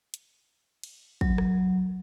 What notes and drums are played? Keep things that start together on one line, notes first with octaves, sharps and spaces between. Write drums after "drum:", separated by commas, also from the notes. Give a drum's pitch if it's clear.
drum: hi-hat
drum: cymbal
F#3, drum: kick
drum: rim click